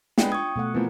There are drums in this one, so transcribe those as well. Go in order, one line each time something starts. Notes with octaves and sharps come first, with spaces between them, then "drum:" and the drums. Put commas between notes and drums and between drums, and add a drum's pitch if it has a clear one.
G#3 B3 D4 F4 G5, drum: snare
C#6 D#6 G#6
B2 A3 F#5
E3 F3 A3 B3 C4 A#4